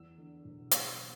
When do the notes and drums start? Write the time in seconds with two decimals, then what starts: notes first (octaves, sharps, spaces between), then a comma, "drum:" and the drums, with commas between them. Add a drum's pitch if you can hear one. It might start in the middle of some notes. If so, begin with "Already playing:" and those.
Already playing: E2 E6
0.18 D3
0.45 E1
0.71 F#3 E6, drum: hi-hat